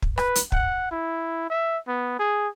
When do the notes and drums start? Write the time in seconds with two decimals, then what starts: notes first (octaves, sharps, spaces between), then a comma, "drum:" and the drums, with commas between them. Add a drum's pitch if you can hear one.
0.02 drum: kick
0.18 B4, drum: rim click
0.35 drum: hi-hat
0.52 F#5, drum: kick
0.91 E4
1.50 E5
1.88 B3
2.19 G#4